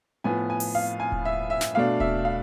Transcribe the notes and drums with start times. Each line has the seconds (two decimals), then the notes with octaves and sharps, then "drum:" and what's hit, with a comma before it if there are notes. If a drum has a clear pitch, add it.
0.24 A2 F3 B3 G#5
0.50 G#5
0.60 drum: open hi-hat
0.75 F5
1.00 G#5
1.12 drum: kick D#1
1.25 E5
1.50 E5
1.61 drum: snare
1.75 B2 A3 D4 F5
2.00 E5, drum: kick D#1
2.25 F5